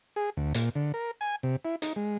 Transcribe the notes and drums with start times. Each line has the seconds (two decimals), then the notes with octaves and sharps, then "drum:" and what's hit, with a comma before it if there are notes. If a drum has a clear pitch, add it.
0.16 G#4
0.37 D2
0.54 A#2, drum: hi-hat
0.75 D3
0.94 A#4
1.21 G#5
1.43 C3
1.65 E4
1.82 D#4, drum: hi-hat
1.96 G#3